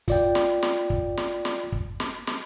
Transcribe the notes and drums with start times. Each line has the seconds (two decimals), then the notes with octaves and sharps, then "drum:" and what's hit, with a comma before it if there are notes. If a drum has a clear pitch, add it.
0.08 F4 D5 G5, drum: kick, hi-hat
0.35 drum: snare
0.63 drum: snare
0.90 drum: kick
1.17 drum: snare
1.45 drum: snare
1.72 drum: kick
2.00 drum: snare
2.27 drum: snare